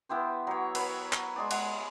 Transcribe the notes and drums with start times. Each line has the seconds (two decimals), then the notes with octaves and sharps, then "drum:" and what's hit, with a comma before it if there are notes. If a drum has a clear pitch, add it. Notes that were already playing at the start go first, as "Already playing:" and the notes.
0.09 B3 E4 G4 C5
0.47 F#3 C#5
0.75 B4 C#5 B5, drum: cymbal
1.13 drum: clap
1.36 G#3 G#4 D5
1.51 G#3 F#5, drum: cymbal